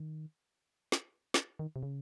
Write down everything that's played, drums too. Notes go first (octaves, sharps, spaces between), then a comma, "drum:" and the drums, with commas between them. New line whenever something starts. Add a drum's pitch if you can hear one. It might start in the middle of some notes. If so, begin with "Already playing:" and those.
Already playing: D#3
drum: snare
drum: snare
D#3
C3
C#3